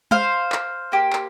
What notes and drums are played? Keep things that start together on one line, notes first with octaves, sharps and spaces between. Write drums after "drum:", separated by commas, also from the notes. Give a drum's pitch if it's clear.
C5 F5, drum: tom G#3
drum: clap
A#3 G4
drum: clap